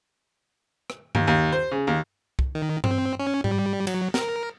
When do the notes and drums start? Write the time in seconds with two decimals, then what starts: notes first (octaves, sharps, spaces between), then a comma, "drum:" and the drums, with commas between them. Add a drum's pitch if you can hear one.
0.90 drum: rim click
1.15 D#2, drum: tom G2
1.28 D#2
1.52 C5
1.71 C#3
1.87 D#2
2.39 drum: kick
2.55 D#3
2.84 C4, drum: tom G2
3.20 C#4
3.44 G3, drum: tom G#2
3.87 F#3, drum: cymbal
4.14 A#4, drum: snare